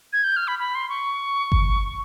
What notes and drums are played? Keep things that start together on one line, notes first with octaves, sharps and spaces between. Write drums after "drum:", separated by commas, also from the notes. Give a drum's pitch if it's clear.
G#6
G6
F6
B5
B5
C6
C#6
drum: kick G1